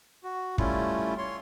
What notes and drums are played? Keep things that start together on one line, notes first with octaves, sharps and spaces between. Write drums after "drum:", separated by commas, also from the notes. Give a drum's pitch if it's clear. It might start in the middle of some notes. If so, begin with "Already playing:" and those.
F#4
G3 A3 C#4 E4 F4, drum: kick
C#5 C6